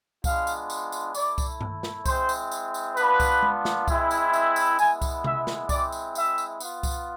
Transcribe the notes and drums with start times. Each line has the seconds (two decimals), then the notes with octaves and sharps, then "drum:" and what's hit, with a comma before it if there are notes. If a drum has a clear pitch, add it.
0.24 G#3 B3 D4 F4 F5, drum: kick C2, tambourine
0.47 drum: tambourine
0.70 drum: tambourine
0.92 drum: tambourine
1.15 A3 E4 D5, drum: tambourine
1.38 drum: kick C2, tambourine
1.61 drum: tom G2
1.83 drum: snare
2.06 G#3 C4 E4 C5, drum: kick C2, tambourine
2.29 drum: tambourine
2.52 drum: tambourine
2.74 drum: tambourine
2.97 B3 D4 F4 B4, drum: tambourine
3.20 drum: kick C2, tambourine
3.42 drum: tom G#3
3.65 drum: snare
3.88 G#3 C4 E4, drum: kick C2, tambourine
4.11 drum: tambourine
4.33 drum: tambourine
4.56 drum: tambourine
4.79 G#3 B3 E4 G#5, drum: tambourine
5.02 drum: kick C2, tambourine
5.24 E5, drum: tom C3
5.47 drum: snare
5.69 G#3 C4 E4 D5, drum: kick C2, tambourine
5.92 drum: tambourine
6.15 E5, drum: tambourine
6.38 drum: tambourine
6.60 B3 F4, drum: tambourine
6.83 drum: kick C2, tambourine